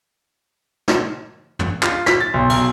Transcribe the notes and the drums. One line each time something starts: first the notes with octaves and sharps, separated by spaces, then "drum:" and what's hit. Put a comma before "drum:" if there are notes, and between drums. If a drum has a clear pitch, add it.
drum: snare
drum: tom
F4, drum: clap
B6, drum: snare
A6
B1
B1, drum: cymbal